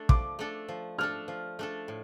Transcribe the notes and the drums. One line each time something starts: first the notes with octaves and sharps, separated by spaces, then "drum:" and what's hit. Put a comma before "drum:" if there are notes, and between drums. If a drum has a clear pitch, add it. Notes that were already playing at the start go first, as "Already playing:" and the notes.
Already playing: A3 D4 A4
F3 D6, drum: kick
A3 D4 A4
F3
A3 D4 A4 F6
F3
A3 D4 A4
A2